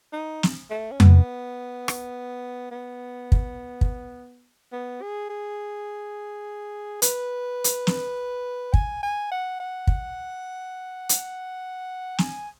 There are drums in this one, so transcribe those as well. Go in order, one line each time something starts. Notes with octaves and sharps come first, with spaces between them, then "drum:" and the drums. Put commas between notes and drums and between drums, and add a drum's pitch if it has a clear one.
D#4
drum: snare
A3
C#4
B3, drum: tom F2
drum: rim click
B3
drum: kick
drum: kick
B3
G#4
G#4
B4, drum: hi-hat
drum: hi-hat
drum: snare
G#5, drum: kick
G#5
F#5
F#5
drum: kick
drum: hi-hat
G#5, drum: snare